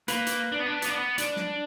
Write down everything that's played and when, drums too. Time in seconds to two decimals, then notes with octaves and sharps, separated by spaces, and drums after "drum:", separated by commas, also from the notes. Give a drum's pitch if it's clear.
0.08 A#3 B4, drum: hi-hat
0.27 drum: hi-hat
0.52 D4
0.60 B3
0.66 D4
0.82 B3, drum: hi-hat
0.88 D4
0.95 B3
1.18 D4, drum: hi-hat
1.36 drum: snare